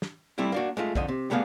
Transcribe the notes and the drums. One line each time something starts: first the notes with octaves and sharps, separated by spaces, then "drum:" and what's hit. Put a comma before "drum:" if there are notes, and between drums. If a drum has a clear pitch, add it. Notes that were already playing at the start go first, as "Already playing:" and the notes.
drum: snare
G3 A3 C4 E4
A#3 D4 F#4
G#3 A3 F4
F2 D3 D#5, drum: kick
C3
G3 A3 B3 G#4 F5